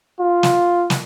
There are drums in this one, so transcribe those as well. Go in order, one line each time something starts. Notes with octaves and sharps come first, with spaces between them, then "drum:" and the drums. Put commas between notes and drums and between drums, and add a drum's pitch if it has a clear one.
F4
drum: snare
drum: snare